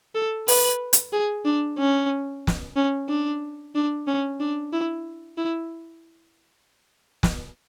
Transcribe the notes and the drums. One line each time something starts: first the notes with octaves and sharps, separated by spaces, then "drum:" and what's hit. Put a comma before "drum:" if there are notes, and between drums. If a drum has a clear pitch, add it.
A4
B4, drum: open hi-hat
drum: hi-hat
G#4
D4
C#4
drum: snare
C#4
D4
D4
C#4
D4
E4
E4
drum: snare